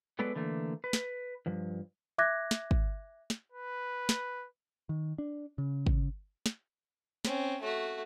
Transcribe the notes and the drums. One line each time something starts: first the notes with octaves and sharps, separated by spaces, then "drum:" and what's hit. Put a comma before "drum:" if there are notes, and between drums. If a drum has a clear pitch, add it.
F#3 G#3 B3 A4 B4 D5
D3 E3 A3 A#3
B4
drum: snare
G2 F3
E5 D6 F#6 G#6 A#6
drum: snare
drum: kick
drum: snare
B4
drum: snare
D#3
D4
C#3
drum: kick
drum: snare
C4 C#4, drum: snare
A3 F#4